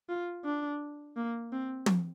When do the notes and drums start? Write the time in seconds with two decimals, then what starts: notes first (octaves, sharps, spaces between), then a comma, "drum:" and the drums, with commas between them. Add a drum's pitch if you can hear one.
0.09 F4
0.45 D4
1.17 A#3
1.52 C4
1.86 drum: tom